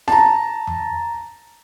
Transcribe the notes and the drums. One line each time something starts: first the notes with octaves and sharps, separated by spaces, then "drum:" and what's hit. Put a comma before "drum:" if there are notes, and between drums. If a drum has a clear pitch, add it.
A5 A#5, drum: snare F4
drum: tom F2